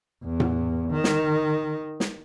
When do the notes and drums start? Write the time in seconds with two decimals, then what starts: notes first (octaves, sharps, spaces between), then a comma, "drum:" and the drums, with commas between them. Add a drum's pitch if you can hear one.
0.24 E2
0.40 drum: tom A2
0.91 D#3
1.04 drum: snare
2.00 drum: snare